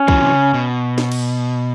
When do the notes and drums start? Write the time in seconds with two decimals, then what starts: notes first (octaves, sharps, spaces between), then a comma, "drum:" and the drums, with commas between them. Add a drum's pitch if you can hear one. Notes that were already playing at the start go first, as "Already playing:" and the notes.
Already playing: C#4
0.08 E3 F#3, drum: kick
0.21 C3
0.32 C#3
0.54 B2
0.98 drum: snare
1.12 drum: cymbal